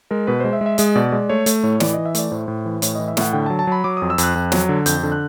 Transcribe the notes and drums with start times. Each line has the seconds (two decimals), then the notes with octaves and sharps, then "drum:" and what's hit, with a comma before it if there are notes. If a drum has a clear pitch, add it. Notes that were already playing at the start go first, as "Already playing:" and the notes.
0.11 G#3 A#4
0.27 B2 B4
0.40 G#3 C5
0.53 E5
0.61 G#3
0.66 E5
0.78 G#3 D#5, drum: hi-hat
0.95 B2 D5
1.12 G#3 D5
1.29 A3 C#5
1.46 A3, drum: hi-hat
1.63 A2 C#5
1.80 E3 D5, drum: snare
1.93 E3 D#5
2.06 E5
2.15 A3 D5, drum: hi-hat
2.32 A2 C5
2.48 A2
2.65 E3
2.82 A2 C#5, drum: hi-hat
2.95 E3 D#5
3.08 E5
3.17 A2 F#5, drum: snare
3.33 D3 G5
3.46 A5
3.50 F#3
3.59 A5
3.67 F#3 B5
3.84 F#3 D6
3.97 F2 D#6
4.10 E6
4.18 F2, drum: hi-hat
4.23 F#6
4.35 F2
4.52 F#3, drum: snare
4.69 D3
4.86 F2 G6, drum: hi-hat
5.03 D3
5.12 F#6